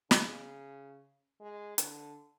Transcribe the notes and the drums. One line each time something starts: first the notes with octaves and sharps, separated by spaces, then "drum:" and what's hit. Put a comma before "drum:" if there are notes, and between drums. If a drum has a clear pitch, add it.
C#3, drum: snare
G#3
D3, drum: hi-hat